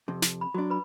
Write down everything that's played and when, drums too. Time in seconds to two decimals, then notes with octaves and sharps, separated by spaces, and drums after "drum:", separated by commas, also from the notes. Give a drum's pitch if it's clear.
0.08 F2 C3
0.22 drum: snare
0.41 B5
0.54 F#3 D4 F#4
0.70 B4 B5